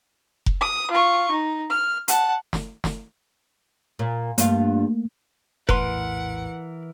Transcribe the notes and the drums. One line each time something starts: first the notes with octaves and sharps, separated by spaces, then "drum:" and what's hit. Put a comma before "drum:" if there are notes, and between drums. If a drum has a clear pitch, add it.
drum: kick F1
D#6
F4 C#6
D#4
F6
F#5 A5, drum: hi-hat
drum: snare
drum: snare
A#2
G2 A3 A#3 F4, drum: hi-hat
A#1 E2 A2 E3 A#4 B4 F#5 C6, drum: kick F1